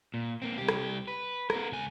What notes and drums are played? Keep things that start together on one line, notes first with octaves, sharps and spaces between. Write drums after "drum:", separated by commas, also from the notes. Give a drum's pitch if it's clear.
A#2
A#3 C4
C2 G4
drum: rim click
B4
B3 A#4, drum: rim click
C#2 G#5